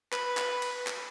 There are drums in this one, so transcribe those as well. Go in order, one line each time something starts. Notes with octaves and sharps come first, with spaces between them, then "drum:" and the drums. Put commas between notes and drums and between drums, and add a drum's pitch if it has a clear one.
B4, drum: clap
drum: clap
drum: cymbal
drum: clap